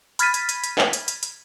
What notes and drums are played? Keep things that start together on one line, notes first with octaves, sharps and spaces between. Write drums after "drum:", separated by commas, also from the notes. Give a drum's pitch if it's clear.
B5 F6 G#6 A6 B6 D#7, drum: hi-hat
drum: hi-hat
drum: hi-hat
drum: hi-hat
drum: clap
drum: hi-hat
drum: hi-hat
drum: hi-hat